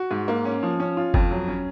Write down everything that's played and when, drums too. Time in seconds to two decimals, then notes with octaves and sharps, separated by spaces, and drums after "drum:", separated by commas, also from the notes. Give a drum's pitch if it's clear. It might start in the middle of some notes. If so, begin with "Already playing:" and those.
Already playing: F#4
0.11 G#2
0.28 A#3
0.45 C#4
0.63 F3
0.80 C#4
0.97 F4
1.14 F2, drum: kick F#1
1.31 F#3
1.48 C#4